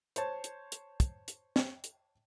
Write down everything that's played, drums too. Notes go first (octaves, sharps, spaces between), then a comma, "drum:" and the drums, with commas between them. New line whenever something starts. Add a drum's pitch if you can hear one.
C5 C#5 A5, drum: hi-hat
drum: hi-hat
drum: hi-hat
drum: kick, hi-hat
drum: hi-hat
drum: snare
drum: hi-hat